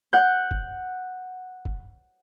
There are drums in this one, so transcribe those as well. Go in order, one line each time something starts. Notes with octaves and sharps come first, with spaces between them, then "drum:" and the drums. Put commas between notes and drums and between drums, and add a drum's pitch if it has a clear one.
F#5 G6
drum: kick
drum: kick